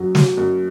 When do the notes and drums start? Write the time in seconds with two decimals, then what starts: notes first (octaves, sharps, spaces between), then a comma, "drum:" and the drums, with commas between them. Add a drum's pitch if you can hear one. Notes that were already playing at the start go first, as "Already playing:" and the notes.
Already playing: F#2 F#3
0.15 F#3, drum: snare
0.37 F#2